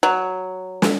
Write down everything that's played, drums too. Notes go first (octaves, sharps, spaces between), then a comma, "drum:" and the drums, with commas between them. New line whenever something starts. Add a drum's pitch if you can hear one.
F#3
drum: snare